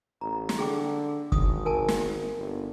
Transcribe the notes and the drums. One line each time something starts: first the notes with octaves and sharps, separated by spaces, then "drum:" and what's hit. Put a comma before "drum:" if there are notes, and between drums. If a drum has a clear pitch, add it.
A1 A#5
drum: snare
D3 G#4 G5 D6
G#1 D#6, drum: kick
A#4 G#5 A5
drum: snare
G1